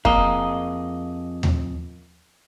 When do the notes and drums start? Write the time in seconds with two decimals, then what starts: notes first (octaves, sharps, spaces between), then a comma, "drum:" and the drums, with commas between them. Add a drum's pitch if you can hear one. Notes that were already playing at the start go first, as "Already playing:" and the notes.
0.05 F2 A#3 G#4 D#5, drum: kick
1.43 drum: tom D#2